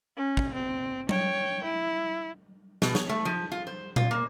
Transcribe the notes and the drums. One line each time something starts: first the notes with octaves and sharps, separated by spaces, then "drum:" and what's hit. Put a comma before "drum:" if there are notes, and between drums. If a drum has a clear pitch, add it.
C#4
drum: kick
C4
C#5 G5, drum: tom F#3
E4
B2, drum: snare
C#5, drum: snare
A3
F3
F4
C5
F4, drum: tom A#2
A#3